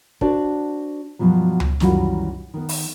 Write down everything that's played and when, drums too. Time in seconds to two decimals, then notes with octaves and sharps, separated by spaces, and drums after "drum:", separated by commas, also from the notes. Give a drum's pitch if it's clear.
0.21 D4 F#4 C5 D5 A5, drum: kick
1.19 G2 B2 F3 F#3
1.60 drum: tom C#2
1.80 F#2 D#3 E3 G3 F4 F#4, drum: snare
2.54 D#3 B3
2.69 drum: open hi-hat